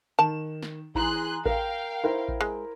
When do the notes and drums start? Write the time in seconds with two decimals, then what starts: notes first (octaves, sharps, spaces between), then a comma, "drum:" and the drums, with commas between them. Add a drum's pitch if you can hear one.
0.19 D#3 A5 E7
0.63 drum: snare
0.95 E3 G#4 A#5 C6 F#6, drum: kick A1
1.45 A#4 F5 G5, drum: kick A1
2.04 E4 A#4 C5
2.28 drum: kick A1
2.41 G#3